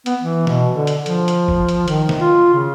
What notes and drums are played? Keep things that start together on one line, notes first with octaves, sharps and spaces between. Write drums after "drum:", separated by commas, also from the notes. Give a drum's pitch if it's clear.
B3, drum: hi-hat
E3
B2, drum: snare
D3
drum: hi-hat
F3, drum: hi-hat
drum: hi-hat
drum: kick
drum: hi-hat
D#3, drum: hi-hat
drum: snare
F4
C#3